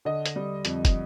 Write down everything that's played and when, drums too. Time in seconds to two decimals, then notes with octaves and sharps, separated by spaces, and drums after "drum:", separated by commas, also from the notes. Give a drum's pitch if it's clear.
0.05 D3 D#5
0.26 drum: hi-hat
0.36 G3
0.65 F2, drum: hi-hat
0.85 drum: kick, hi-hat